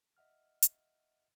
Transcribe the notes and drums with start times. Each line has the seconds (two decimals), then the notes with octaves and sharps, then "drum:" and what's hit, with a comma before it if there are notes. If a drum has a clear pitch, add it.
0.17 D#5 E5 F#5 F6
0.62 drum: hi-hat